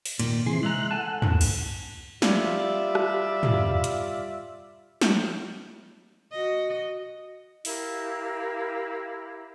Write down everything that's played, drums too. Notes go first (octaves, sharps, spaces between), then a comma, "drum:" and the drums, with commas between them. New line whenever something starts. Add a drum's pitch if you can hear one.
drum: open hi-hat
A#2 D#3, drum: cymbal
C3 E3 G#4 C6
G#3 E5 A#5 F#6
A4 F#5 G#5 A5
drum: tom
drum: cymbal
G3 F4 D5 E5, drum: snare
drum: rim click
drum: tom
drum: hi-hat
drum: snare
F#4 D#5
E4 G4 A#4 F5, drum: open hi-hat